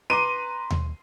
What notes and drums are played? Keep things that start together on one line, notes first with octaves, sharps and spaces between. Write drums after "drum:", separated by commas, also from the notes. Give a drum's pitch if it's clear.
B4 A#5 C6 D6 D#7
drum: tom D#2